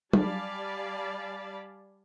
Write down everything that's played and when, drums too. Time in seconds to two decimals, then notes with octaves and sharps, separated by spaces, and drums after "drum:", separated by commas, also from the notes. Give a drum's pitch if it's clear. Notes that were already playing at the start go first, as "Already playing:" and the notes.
0.13 G3 D5 F5 G#5 A5 B5, drum: tom F#3